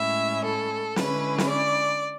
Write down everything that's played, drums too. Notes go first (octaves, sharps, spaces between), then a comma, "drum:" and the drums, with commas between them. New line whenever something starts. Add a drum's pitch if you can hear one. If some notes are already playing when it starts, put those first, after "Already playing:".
Already playing: A2 G#3 C#4 E4 E5
A4
D3 G#3 C#4 E4 B4, drum: snare
drum: snare
D5